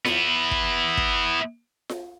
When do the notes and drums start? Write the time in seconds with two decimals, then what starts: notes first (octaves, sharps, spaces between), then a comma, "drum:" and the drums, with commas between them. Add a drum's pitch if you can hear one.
0.05 B3 E4, drum: snare F4
0.51 drum: kick
0.97 drum: kick
1.89 drum: snare F4